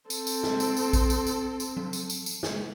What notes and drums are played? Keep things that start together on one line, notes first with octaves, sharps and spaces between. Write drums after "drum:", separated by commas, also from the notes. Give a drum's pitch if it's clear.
C4 A4, drum: tambourine
drum: tambourine
drum: snare
drum: tambourine
drum: tambourine
drum: kick A#1, tambourine
drum: tambourine
drum: tambourine
drum: tambourine
drum: tom F#3
drum: tambourine
drum: tambourine
drum: tambourine
drum: snare